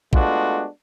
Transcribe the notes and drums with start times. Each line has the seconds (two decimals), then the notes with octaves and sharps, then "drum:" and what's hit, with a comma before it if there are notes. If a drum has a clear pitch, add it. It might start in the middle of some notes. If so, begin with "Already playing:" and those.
0.13 G#3 A3 B3 D4 F4 F#4, drum: kick